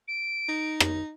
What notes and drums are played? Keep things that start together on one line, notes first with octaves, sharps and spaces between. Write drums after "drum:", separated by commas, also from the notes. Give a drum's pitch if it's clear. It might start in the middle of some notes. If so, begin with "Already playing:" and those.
D7
D#4
drum: rim click